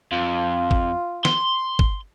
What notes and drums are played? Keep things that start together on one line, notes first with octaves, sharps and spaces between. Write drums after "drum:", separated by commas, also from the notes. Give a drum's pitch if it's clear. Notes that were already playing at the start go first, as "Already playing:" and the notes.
F2 F4
drum: kick
C6, drum: snare
drum: kick